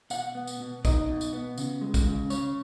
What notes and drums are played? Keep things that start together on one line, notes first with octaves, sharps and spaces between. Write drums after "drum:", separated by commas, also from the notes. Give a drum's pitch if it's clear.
B2 F#5, drum: tambourine
B3
drum: tambourine
B2
D#4 D#5, drum: kick, tambourine
B2
drum: tambourine
B3
C#3, drum: tambourine
G#3
drum: kick, tambourine
C#3
C#4 C#5, drum: tambourine